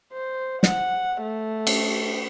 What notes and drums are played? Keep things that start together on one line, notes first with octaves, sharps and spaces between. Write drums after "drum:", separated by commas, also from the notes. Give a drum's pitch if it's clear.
C5
F#5, drum: snare
A3
drum: cymbal